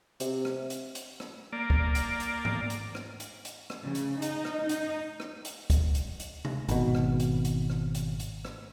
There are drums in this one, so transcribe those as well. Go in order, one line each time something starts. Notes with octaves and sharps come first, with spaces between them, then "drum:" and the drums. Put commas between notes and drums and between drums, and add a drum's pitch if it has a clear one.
C3, drum: hi-hat
drum: rim click
drum: hi-hat
drum: hi-hat
drum: rim click
A#3 D5
drum: kick
drum: hi-hat
drum: hi-hat
drum: tom G#2
drum: hi-hat
drum: rim click
drum: hi-hat
drum: hi-hat
drum: rim click
C#3
drum: hi-hat
D#4, drum: hi-hat
drum: rim click
D#4, drum: hi-hat
drum: rim click
drum: hi-hat
drum: kick, hi-hat
drum: hi-hat
drum: hi-hat
drum: tom C3
G#1 B2, drum: hi-hat
drum: rim click
drum: hi-hat
drum: hi-hat
drum: rim click
drum: hi-hat
drum: hi-hat
drum: rim click